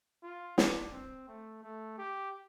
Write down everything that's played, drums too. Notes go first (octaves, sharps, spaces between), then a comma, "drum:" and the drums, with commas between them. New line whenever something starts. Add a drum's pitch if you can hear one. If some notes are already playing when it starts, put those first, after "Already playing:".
F4
D4, drum: snare
C4
A3
A3
G4